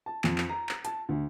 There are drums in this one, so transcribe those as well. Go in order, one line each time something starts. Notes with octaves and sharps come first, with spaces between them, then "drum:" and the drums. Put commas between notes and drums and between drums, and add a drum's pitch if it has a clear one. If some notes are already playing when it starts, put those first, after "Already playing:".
A5
F2, drum: clap
drum: clap
A#5
drum: clap
A5, drum: hi-hat
D2